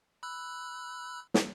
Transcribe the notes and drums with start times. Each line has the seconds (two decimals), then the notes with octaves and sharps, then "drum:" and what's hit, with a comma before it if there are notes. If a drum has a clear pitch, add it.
0.23 B5 E6 F#6
1.34 drum: snare